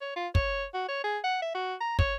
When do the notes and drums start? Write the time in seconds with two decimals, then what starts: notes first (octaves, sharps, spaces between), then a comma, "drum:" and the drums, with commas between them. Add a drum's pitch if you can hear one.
0.01 C#5
0.16 F4
0.35 C#5, drum: kick
0.74 F#4
0.89 C#5
1.04 G#4
1.24 F#5
1.42 E5
1.55 F#4
1.81 A#5
1.99 C#5, drum: kick